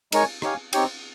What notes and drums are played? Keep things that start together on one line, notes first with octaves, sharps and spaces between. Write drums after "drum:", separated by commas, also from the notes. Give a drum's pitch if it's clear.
G#3 D#4 A#4 C#5 G#5, drum: cymbal
D#4 G4 C#5 F5 G#5, drum: rim click
C4 D#4 G4 C#5 G5, drum: cymbal